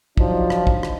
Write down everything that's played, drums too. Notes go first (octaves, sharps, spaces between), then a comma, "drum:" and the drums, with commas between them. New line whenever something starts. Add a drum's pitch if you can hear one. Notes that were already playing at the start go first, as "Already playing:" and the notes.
F3 F#3 D4 D#4 F4, drum: kick
drum: rim click
drum: kick
drum: rim click